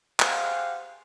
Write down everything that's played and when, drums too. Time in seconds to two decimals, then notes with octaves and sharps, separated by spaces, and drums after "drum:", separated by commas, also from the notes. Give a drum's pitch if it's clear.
0.20 G4 G#4 C5 F5 F#5, drum: clap